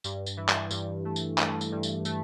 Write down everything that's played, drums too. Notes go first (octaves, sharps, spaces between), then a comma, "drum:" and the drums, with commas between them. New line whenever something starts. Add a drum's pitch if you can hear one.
G2, drum: tambourine
drum: tambourine
E3
drum: clap
G2, drum: tambourine
A3
drum: tambourine
A3, drum: clap
drum: tambourine
G2
drum: tambourine
A3, drum: tambourine